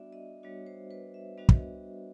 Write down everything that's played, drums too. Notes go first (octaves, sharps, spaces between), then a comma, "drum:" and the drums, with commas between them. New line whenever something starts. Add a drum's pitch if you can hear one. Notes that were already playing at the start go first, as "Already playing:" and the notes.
Already playing: G3 B3 D4 F#4 D5 E5
D#5
G3 B3 D4 F#4 C#5
C5
B4
E5
G3 B3 D4 F#4 D#5
drum: kick